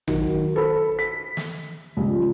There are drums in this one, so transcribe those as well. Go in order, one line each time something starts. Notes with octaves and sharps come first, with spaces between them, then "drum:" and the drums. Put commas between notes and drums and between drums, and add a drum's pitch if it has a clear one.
D#3 F#3, drum: tom
A4 C5 B5
B6
drum: snare
C#2 F3 G3